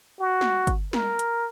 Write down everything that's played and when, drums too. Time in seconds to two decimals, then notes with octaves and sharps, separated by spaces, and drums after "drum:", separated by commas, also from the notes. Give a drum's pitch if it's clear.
0.20 F#4
0.41 drum: snare
0.67 drum: kick G1, hi-hat
0.93 A#4, drum: snare
1.19 drum: hi-hat